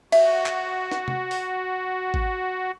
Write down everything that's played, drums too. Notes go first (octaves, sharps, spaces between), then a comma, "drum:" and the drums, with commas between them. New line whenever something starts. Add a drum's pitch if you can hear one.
F#4 E5, drum: cymbal
drum: clap
drum: snare
drum: tom C3
drum: open hi-hat
drum: kick G#1